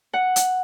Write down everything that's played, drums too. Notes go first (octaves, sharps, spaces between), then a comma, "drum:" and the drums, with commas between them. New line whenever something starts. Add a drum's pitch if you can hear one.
F#5
drum: hi-hat